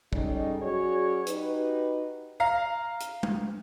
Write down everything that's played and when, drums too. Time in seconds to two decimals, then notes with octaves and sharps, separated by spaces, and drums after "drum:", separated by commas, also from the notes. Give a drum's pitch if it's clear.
0.13 G3 G#3 C#4 D#4 A4 D#5, drum: kick
0.62 F#3 C#4 F#4 G#4 C#5 D5
1.27 D#4 F#4 G4 B4, drum: hi-hat
2.40 F5 A#5
3.00 drum: hi-hat
3.23 drum: tom